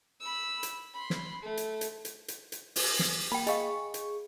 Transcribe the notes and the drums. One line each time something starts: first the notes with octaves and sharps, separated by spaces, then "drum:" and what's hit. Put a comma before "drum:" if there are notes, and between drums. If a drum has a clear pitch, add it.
B5 E6
drum: hi-hat
B5 C6
drum: snare
A3
drum: hi-hat
drum: hi-hat
drum: hi-hat
drum: hi-hat
drum: hi-hat
drum: open hi-hat
drum: snare
A#3 G5 B5
G#4 D#5 F5 C#6, drum: hi-hat
drum: hi-hat